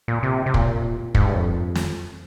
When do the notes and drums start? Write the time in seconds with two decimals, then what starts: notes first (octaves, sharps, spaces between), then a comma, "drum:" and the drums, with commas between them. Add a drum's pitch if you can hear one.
0.08 A#2
0.23 C3
0.46 C3
0.54 A#2, drum: kick
1.15 G#2, drum: kick
1.25 G2
1.34 F2
1.75 drum: snare